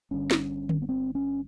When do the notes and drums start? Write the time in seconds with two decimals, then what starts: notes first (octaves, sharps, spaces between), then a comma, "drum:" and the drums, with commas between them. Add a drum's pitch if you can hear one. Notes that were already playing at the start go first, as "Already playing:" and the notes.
0.11 G1 G2 D3 C#4
0.31 drum: snare
0.69 drum: tom D3
0.82 B3
0.89 C4
1.15 C#4